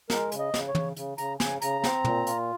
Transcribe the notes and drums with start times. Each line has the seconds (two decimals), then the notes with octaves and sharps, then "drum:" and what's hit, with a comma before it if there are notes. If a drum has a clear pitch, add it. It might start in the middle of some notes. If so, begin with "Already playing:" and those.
0.10 G#3 A#4, drum: snare
0.32 C#3, drum: hi-hat
0.39 D#5
0.54 C#3, drum: snare
0.68 C#5
0.75 C#3, drum: tom
0.96 C#3, drum: hi-hat
1.18 C#3 A#5, drum: hi-hat
1.40 C#3 G#5, drum: snare
1.62 C#3 A#5, drum: hi-hat
1.84 C4, drum: snare
2.04 A#2, drum: tom
2.27 F4, drum: hi-hat